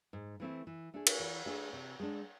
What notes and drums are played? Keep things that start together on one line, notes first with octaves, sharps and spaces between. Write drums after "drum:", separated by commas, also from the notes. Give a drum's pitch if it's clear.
G#2
E3 A3 C4 E4
E3
A3 D4 G#4
drum: cymbal
E3
A3 D4 G#4
C3
G#3 D4